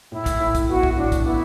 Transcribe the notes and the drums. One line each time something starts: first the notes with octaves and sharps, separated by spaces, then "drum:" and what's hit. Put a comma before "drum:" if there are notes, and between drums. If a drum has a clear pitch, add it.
A2 E4
drum: kick, hi-hat
A2
drum: kick, hi-hat
B3 F#4
drum: kick
A2 D4
drum: kick, hi-hat
B3 E4